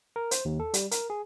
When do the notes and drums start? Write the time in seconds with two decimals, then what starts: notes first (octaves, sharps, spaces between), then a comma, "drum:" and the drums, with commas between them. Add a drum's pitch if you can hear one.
0.16 A#4
0.31 C5, drum: hi-hat
0.45 D#2
0.60 A4
0.74 G3, drum: hi-hat
0.91 A#4, drum: hi-hat
1.10 G#4